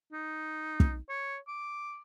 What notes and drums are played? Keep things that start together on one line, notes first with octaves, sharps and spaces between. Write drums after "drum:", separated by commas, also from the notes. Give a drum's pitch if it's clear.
D#4
drum: kick
C#5
D6